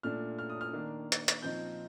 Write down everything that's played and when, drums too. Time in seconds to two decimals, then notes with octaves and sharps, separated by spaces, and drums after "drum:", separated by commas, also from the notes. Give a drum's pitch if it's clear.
0.03 A#2 A3 D4 F6
0.39 F6
0.50 D#6
0.61 F6
0.73 D#3 A#3 D4
1.12 drum: hi-hat
1.28 drum: hi-hat
1.42 A#2 F3 C4 D#4 G6